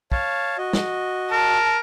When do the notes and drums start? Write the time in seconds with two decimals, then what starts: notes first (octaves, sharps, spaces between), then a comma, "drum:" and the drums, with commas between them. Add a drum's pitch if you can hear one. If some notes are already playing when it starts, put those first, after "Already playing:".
0.12 C#5 F5 A5, drum: kick
0.58 F#4 D#5
0.73 drum: snare
1.32 A#4 A5